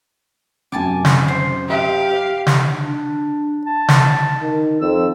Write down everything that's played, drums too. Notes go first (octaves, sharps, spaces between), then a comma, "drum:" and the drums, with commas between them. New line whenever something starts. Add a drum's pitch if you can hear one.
F#2 C3 G#5 A5 D6
drum: snare
C5
G4 F5
drum: snare
D4
A5
drum: snare
D#3
F2 E6